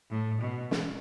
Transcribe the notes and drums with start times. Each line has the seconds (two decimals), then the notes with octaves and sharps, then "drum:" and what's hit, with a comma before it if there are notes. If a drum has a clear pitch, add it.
0.10 A2
0.41 B2
0.71 drum: snare